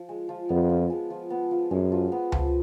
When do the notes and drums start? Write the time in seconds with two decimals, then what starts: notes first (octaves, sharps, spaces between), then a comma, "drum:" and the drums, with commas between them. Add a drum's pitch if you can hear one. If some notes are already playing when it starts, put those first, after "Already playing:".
Already playing: F3
0.09 G#3
0.29 F3
0.49 F2 B3
0.70 F3
0.90 G#3
1.10 F3
1.30 B3
1.51 F3
1.71 F#2 G#3
1.92 F3
2.12 B3
2.32 F3, drum: tom C#2